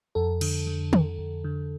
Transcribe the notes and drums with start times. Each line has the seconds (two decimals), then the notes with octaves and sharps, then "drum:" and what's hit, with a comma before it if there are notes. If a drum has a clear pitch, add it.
0.15 F2 A4
0.41 D3, drum: cymbal
0.67 D3
0.93 F2, drum: tom
1.18 F2
1.44 D3